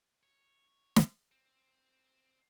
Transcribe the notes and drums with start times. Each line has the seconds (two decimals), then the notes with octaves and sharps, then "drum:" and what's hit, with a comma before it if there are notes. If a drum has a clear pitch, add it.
0.23 C#5
0.96 drum: snare
1.32 C4